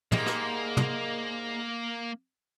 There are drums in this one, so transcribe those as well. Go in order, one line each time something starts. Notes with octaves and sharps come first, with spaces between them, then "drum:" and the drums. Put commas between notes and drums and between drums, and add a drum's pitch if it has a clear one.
G#2 G3 G#3 A#3, drum: tom
drum: rim click
drum: tom